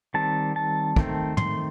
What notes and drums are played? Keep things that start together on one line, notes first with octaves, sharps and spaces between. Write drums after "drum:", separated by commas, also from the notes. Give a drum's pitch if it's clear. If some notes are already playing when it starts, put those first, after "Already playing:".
D#3 G3 C4 A5
A5
D#3 A3 C4, drum: kick
C6, drum: tom